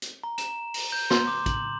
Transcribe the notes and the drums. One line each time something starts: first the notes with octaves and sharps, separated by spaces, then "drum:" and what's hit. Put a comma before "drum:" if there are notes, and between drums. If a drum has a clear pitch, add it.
drum: hi-hat
A#5
E7, drum: hi-hat
drum: open hi-hat
G6
C6, drum: snare
D6
F#7, drum: kick, hi-hat